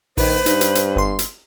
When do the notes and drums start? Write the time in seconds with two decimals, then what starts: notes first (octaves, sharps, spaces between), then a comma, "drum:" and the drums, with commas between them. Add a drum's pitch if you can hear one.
0.18 A#1 D#3 B4 C5, drum: open hi-hat
0.46 G2 D#4, drum: hi-hat
0.61 drum: hi-hat
0.75 drum: hi-hat
0.96 G1 C6
1.19 drum: hi-hat